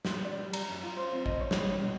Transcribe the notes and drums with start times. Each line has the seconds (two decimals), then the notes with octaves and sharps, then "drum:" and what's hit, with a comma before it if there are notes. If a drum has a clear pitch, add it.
0.05 drum: snare
0.25 D5
0.39 G3
0.53 A#5, drum: cymbal
0.69 F#2
0.84 F4
0.97 C5
1.13 C4
1.26 D#5, drum: kick
1.40 C#5
1.51 drum: snare
1.61 G3
1.83 B2